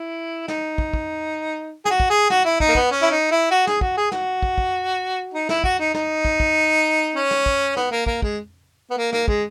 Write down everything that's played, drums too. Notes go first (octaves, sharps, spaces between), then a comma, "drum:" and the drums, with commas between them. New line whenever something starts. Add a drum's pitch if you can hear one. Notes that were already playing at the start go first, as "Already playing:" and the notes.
Already playing: E4
D#4, drum: snare
drum: kick
drum: kick
G#4, drum: snare
F#4
drum: kick
G#4
F#4, drum: snare
E4
D#4, drum: kick
A#3
B3, drum: kick
C#4
E4
D#4
E4
F#4
G#4, drum: snare
F#4, drum: kick
G#4
F#4, drum: snare
drum: kick
drum: kick
D#4
E4, drum: snare
F#4, drum: kick
D#4
D#4, drum: snare
drum: kick
drum: kick
C#4
drum: snare
drum: kick
B3, drum: snare
A#3
A#3, drum: kick
G#3, drum: kick
B3
A#3
A#3, drum: snare
G#3, drum: kick